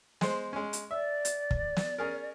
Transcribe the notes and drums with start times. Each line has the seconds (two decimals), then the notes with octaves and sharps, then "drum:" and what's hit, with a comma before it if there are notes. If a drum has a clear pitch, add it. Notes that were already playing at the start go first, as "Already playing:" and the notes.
0.21 G#3 C5, drum: snare
0.53 G#3 C#4
0.73 drum: hi-hat
0.91 D5 E5
1.25 drum: hi-hat
1.51 drum: kick
1.77 drum: snare
1.98 C#4 G#4 A#4